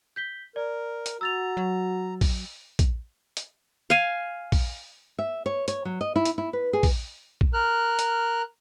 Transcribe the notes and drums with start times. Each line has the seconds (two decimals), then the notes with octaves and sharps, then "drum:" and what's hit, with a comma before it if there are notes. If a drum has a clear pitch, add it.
0.16 G6 B6 G7
0.56 A#4 D5
1.06 drum: hi-hat
1.21 F#4 A#5 E6 A6 F7
1.57 F#3
2.21 drum: kick, open hi-hat
2.79 drum: kick, hi-hat
3.37 drum: hi-hat
3.90 F5 G#5
4.52 drum: kick, open hi-hat
5.19 E5
5.46 C#5
5.68 C#5, drum: hi-hat
5.85 F#3
6.01 D#5
6.16 E4
6.25 drum: hi-hat
6.38 E4
6.53 B4
6.73 G#4
6.83 drum: kick, open hi-hat
7.41 drum: kick
7.53 A#4 F6 F#6
7.99 drum: hi-hat